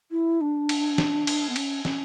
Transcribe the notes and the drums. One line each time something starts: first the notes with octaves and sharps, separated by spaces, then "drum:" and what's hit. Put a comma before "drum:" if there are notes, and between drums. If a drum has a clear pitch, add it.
E4
D4
drum: cymbal
drum: snare
drum: cymbal
B3
C#4, drum: cymbal
C#4, drum: snare